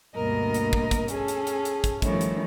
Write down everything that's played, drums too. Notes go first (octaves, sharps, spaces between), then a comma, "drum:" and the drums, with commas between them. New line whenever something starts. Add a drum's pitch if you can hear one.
D2 G2 B2 A#3 A#4 D#5
drum: hi-hat
drum: kick
drum: kick, hi-hat
C#4 G#4 A4, drum: hi-hat
drum: hi-hat
drum: hi-hat
drum: hi-hat
drum: kick, hi-hat
D#3 F3 G3 A3 C#4 E4, drum: kick, hi-hat
drum: hi-hat